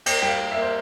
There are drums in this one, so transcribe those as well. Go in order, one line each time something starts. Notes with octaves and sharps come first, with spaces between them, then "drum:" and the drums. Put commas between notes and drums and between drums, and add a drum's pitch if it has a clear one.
A#3 G5, drum: cymbal
G3 G5
F5
A#3
E5
A#3 C5